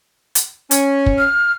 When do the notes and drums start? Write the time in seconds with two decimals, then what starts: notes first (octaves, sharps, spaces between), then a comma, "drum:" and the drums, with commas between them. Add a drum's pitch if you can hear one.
0.35 drum: hi-hat
0.71 C#4, drum: hi-hat
1.06 drum: kick
1.18 F6